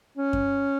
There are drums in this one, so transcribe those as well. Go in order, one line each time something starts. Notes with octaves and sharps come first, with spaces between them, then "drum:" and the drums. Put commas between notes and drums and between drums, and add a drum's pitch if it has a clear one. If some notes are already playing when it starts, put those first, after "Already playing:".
C#4
drum: kick F#2